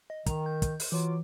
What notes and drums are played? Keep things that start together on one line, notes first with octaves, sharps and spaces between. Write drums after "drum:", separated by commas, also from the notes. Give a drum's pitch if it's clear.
D#5
D#3 A#5, drum: kick, hi-hat
G6
drum: kick, hi-hat
drum: open hi-hat
E3 F#3 F4 D6